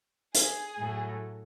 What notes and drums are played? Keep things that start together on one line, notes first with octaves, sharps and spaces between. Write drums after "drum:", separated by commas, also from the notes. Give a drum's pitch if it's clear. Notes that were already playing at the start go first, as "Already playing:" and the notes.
G#4, drum: hi-hat
A2 F#3 A3